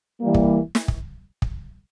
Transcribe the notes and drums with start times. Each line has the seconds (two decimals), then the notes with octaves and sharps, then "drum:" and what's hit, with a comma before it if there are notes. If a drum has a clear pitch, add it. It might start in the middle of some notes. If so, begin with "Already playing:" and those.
0.21 E3 G3 A#3
0.34 drum: kick
0.75 drum: snare
0.88 drum: kick
1.42 drum: kick